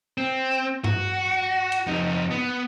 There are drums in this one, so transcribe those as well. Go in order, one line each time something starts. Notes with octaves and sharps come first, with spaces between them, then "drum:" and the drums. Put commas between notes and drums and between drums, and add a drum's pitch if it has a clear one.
C4
F#4, drum: tom G2
drum: cymbal
F2 D#4
B3